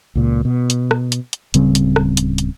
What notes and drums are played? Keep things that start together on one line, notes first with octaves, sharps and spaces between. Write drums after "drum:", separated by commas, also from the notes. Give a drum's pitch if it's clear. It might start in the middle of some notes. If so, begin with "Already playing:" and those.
C#2 A#2
B2
drum: hi-hat
drum: rim click
drum: hi-hat
drum: hi-hat
D1 C#3 G3 C4, drum: hi-hat
drum: hi-hat
drum: rim click
drum: hi-hat
drum: hi-hat